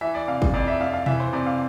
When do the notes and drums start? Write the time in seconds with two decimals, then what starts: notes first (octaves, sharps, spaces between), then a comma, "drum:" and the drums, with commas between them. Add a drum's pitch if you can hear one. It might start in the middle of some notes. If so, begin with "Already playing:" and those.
0.01 E3 E5
0.15 D5
0.27 C3 F5
0.42 drum: kick
0.54 F2 D5
0.67 E5
0.80 F2 F5
0.94 F5
1.06 E3 E5, drum: tom B2
1.20 C5
1.33 C3 D5
1.46 F5